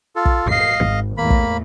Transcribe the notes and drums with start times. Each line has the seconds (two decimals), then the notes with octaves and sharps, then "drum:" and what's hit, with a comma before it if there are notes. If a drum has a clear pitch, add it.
0.16 F4 A4
0.26 drum: kick
0.51 D#5 F5 C7
0.85 G#1
1.17 E2 A2 A#3 B5
1.30 drum: kick